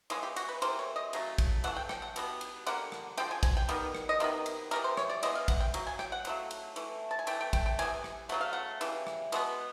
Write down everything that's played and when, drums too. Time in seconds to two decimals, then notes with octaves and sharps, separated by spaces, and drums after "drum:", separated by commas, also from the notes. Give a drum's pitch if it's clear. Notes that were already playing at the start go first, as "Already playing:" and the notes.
0.10 C#3 E3 G#3 B3 G#4, drum: cymbal
0.23 G4
0.36 F#4, drum: cymbal
0.49 B4
0.62 E3 G3 A#3 C5, drum: cymbal
0.79 C#5
0.96 D#5
1.13 C#3 F#3 A3, drum: cymbal
1.38 drum: kick, cymbal
1.64 C#3 E3 A3 F#5, drum: cymbal
1.76 G5
1.89 G5, drum: rim click
2.02 F#5
2.16 B2 G3 B3, drum: cymbal
2.41 drum: cymbal
2.66 D3 G3 A#3 F#5, drum: cymbal
2.92 drum: rim click
3.17 D3 F3 G#3 G5, drum: cymbal
3.31 G#5
3.43 G#5, drum: kick, cymbal
3.57 G5
3.69 D#3 G3 B3, drum: cymbal
3.95 drum: rim click
4.09 D#5
4.20 C3 D#3 B3, drum: cymbal
4.46 drum: cymbal
4.71 E3 G3 B3 A#4, drum: cymbal
4.84 C5
4.97 C#5, drum: rim click
5.10 D5
5.23 E3 G#3 B3 D#5, drum: cymbal
5.35 F5
5.48 F#5, drum: kick, cymbal
5.60 G5
5.74 C#3 F#3, drum: cymbal
5.87 G#5
5.99 G5, drum: rim click
6.12 F#5
6.25 C#3 F#3 A3, drum: cymbal
6.51 drum: cymbal
6.76 E3 A3, drum: cymbal
7.11 A5
7.19 G#5
7.27 E3 A3 G5, drum: cymbal
7.41 G5
7.53 G5, drum: kick, cymbal
7.66 G5
7.79 C3 E3 B3 G#5, drum: cymbal
8.04 drum: rim click
8.29 C#3 F#3 A3 F#5, drum: cymbal
8.41 F5
8.53 F#5
8.81 C#3 E3 G3, drum: cymbal
9.07 drum: rim click
9.32 B2 G#3 B3, drum: cymbal